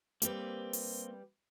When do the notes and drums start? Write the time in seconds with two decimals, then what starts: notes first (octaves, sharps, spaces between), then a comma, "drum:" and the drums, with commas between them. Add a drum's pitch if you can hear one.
0.22 G3 A#3 C4 G4 B4, drum: hi-hat
0.73 drum: open hi-hat